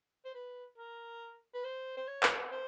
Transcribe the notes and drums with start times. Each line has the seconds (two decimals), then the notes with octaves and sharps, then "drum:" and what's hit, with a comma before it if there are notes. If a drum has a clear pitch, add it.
0.25 C5
0.35 B4
0.78 A#4
1.54 B4
1.64 C5
1.97 C5
2.07 C#5
2.23 drum: clap
2.52 C5